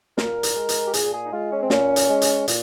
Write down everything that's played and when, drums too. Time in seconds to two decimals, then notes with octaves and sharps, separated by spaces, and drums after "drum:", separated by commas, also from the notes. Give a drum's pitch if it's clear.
0.18 A#2 A#4, drum: snare
0.43 drum: hi-hat
0.56 G#3
0.69 drum: hi-hat
0.86 G4
0.94 A#2 G#4, drum: hi-hat
1.14 G#4
1.25 D#4
1.32 G#3 F4
1.52 C#4
1.63 C4
1.70 A#2 C#4, drum: snare
1.96 drum: hi-hat
2.09 G#3
2.22 drum: hi-hat
2.48 A#2, drum: hi-hat